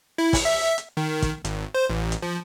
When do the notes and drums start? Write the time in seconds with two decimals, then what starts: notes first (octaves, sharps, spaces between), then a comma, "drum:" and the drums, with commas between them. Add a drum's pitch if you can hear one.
0.18 E4
0.33 drum: kick, open hi-hat
0.45 E5
0.78 drum: hi-hat
0.97 D#3
1.22 drum: kick, hi-hat
1.45 G#1, drum: hi-hat
1.75 C5
1.89 A1
2.12 drum: hi-hat
2.22 F3